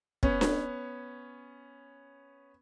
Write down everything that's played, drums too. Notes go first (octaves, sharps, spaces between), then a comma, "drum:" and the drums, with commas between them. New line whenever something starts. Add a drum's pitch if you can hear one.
B3 C#4, drum: kick
drum: snare D4